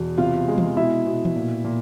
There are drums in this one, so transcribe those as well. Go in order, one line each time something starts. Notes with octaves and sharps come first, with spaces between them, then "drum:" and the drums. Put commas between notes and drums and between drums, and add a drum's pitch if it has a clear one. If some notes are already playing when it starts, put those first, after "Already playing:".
Already playing: E2 B2
C3 F4 F5
G#3
drum: tom E3
B2 E4 E5
B2
drum: tom E3
A#2
A#2